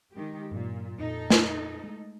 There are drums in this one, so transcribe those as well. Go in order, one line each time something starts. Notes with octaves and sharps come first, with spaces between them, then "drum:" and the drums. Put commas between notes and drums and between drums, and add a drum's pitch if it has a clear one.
D#3 G#3 G4
G2 A#2 F#3
F2 A#2 D#4 A4
drum: snare
G#3 A3